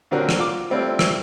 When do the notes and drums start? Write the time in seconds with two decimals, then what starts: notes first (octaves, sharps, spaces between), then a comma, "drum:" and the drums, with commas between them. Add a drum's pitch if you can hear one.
0.11 A#2 D3 F#3 C4 D4 A#4
0.29 drum: rim click
0.39 F4 D6
0.70 G3 A3 C4 D4 E4 F4
0.99 drum: rim click